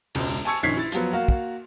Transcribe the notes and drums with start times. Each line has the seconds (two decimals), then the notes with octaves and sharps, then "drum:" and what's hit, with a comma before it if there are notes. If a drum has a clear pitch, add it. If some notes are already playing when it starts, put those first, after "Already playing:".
0.15 E1 C#2, drum: cymbal
0.45 G#5 A5 C#6 E6 G#6 C#7
0.63 A#1 D#3 C#4 G#6 B6 C7
0.77 E4 A6
0.92 F3 F#3 B3, drum: hi-hat
1.13 A#3 F#4 F5
1.28 drum: kick